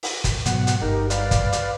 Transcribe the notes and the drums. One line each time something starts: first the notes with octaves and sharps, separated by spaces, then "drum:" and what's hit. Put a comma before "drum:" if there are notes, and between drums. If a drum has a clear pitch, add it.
drum: open hi-hat
drum: kick, hi-hat
G#2 B2 F#3 F#5, drum: hi-hat
drum: hi-hat
G1 G2 G3 D#4 G4 A#4
B4 D5 F5, drum: hi-hat
drum: kick, hi-hat
drum: hi-hat